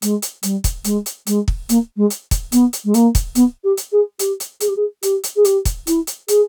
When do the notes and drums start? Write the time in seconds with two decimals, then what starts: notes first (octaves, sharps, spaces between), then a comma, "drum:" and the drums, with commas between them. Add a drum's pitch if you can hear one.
0.02 G#3, drum: hi-hat
0.22 drum: hi-hat
0.43 G3, drum: hi-hat
0.64 drum: kick, hi-hat
0.85 G#3, drum: hi-hat
1.06 drum: hi-hat
1.27 G#3, drum: hi-hat
1.48 drum: kick
1.69 A#3, drum: hi-hat
1.97 G#3
2.10 drum: hi-hat
2.31 drum: kick, hi-hat
2.52 B3, drum: hi-hat
2.73 drum: hi-hat
2.85 G#3
2.94 A#3, drum: hi-hat
3.15 drum: kick, hi-hat
3.35 B3, drum: hi-hat
3.64 G4
3.77 drum: hi-hat
3.92 G#4
4.19 G4, drum: hi-hat
4.40 drum: hi-hat
4.60 G#4, drum: hi-hat
4.68 G4
4.76 G#4
5.03 G4, drum: hi-hat
5.24 drum: hi-hat
5.36 G#4
5.45 G4, drum: hi-hat
5.65 drum: kick, hi-hat
5.87 E4, drum: hi-hat
6.07 drum: hi-hat
6.28 G#4, drum: hi-hat